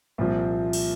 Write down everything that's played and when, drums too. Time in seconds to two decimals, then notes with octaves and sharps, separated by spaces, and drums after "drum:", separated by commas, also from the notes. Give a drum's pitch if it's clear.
0.18 C2 A#2 F3 C4
0.73 drum: cymbal